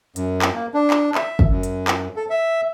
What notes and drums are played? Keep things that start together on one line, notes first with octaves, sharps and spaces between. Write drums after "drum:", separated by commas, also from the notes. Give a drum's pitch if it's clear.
F#2, drum: hi-hat
drum: clap
A#3
D4
drum: clap
E5, drum: clap
drum: kick
F#2
drum: hi-hat
drum: clap
A4
E5